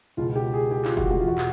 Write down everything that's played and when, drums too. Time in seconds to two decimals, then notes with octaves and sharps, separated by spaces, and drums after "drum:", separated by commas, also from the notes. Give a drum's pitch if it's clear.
0.17 C#2 B2 F4
0.36 G4
0.53 G#4
0.71 G4
0.85 F4, drum: clap
0.97 F#4, drum: kick
1.11 F#4, drum: tom F3
1.20 F4
1.24 E2 B2 F#4
1.38 drum: clap